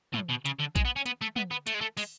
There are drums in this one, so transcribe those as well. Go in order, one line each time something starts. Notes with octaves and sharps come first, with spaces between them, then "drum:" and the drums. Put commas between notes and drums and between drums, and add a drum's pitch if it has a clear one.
A2, drum: tom
B2
C#3, drum: hi-hat
D3
G#3, drum: kick A#1, hi-hat
B3
C#4
B3, drum: hi-hat
A3
B3, drum: tom
B3
A3, drum: hi-hat
G#3
A3
G#3, drum: open hi-hat